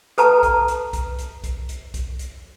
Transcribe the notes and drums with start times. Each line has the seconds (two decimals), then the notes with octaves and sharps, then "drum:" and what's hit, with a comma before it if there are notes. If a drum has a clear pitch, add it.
0.18 A4 B4 A5 A#5, drum: hi-hat
0.43 drum: kick B1, hi-hat
0.68 drum: hi-hat
0.93 drum: kick B1, hi-hat
1.18 drum: hi-hat
1.44 drum: kick B1, hi-hat
1.69 drum: hi-hat
1.94 drum: kick B1, hi-hat
2.19 drum: hi-hat